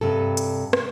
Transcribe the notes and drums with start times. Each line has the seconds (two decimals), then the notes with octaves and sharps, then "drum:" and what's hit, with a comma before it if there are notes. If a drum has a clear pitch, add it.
0.01 G2 C3 A4
0.37 drum: hi-hat
0.73 drum: rim click